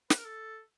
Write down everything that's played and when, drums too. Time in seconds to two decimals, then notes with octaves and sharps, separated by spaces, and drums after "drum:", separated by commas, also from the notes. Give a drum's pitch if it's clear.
0.10 B4, drum: snare
0.18 A#4
0.25 A4